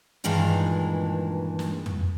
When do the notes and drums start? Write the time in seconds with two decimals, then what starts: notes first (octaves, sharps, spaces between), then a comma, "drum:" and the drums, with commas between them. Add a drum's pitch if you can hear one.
0.24 G2 A#2 D#3 E3 G#3 D4
1.59 drum: snare
1.86 drum: tom